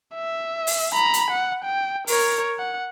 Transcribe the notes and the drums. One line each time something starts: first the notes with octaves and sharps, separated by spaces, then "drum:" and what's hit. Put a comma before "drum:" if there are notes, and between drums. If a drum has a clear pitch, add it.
E5
drum: open hi-hat
A#5 B5
drum: hi-hat
F#5
G5
A#4 C#5, drum: open hi-hat
F#5